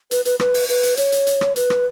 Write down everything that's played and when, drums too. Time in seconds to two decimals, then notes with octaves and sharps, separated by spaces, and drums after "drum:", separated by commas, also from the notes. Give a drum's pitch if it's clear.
0.11 B4, drum: hi-hat
0.25 B4, drum: hi-hat
0.40 B4, drum: rim click
0.54 drum: open hi-hat
0.69 B4, drum: open hi-hat
0.83 drum: hi-hat
0.97 C#5, drum: hi-hat
1.12 drum: hi-hat
1.27 drum: hi-hat
1.41 drum: rim click
1.56 B4, drum: hi-hat
1.70 drum: rim click